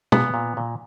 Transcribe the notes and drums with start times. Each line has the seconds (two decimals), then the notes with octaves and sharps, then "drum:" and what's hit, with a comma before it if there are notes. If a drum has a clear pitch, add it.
0.12 A#2 B3, drum: tom
0.34 A#2
0.57 A#2